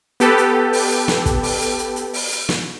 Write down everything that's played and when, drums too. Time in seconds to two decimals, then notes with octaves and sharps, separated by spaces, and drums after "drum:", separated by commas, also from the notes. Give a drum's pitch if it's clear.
0.20 B3 G4 A4 B4, drum: hi-hat
0.38 drum: hi-hat
0.73 drum: open hi-hat
0.90 drum: hi-hat
1.08 drum: snare
1.26 drum: kick, hi-hat
1.43 drum: open hi-hat
1.61 drum: hi-hat
1.78 drum: hi-hat
1.96 drum: hi-hat
2.14 drum: open hi-hat
2.31 drum: hi-hat
2.49 drum: snare